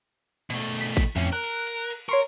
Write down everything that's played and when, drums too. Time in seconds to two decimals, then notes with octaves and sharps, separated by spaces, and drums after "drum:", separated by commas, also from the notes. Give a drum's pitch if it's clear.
0.50 B2 A3, drum: cymbal
0.81 B6
0.97 drum: kick A1, cymbal
1.16 F2 A2 C#4
1.33 A#4 F#6
1.43 drum: cymbal
1.67 drum: cymbal
1.90 drum: cymbal
2.09 A#4 C#5 C6 C#6